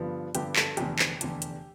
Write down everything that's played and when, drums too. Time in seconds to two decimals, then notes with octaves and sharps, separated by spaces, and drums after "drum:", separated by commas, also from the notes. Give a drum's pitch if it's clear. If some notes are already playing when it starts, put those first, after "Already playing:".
Already playing: G2 D3 F3 B3
0.35 G2 D3 F3 B3 G4, drum: hi-hat
0.56 A4, drum: clap
0.77 F1 E2 D3 G4, drum: hi-hat
0.99 drum: clap
1.21 F1 E2 D3, drum: hi-hat
1.42 drum: hi-hat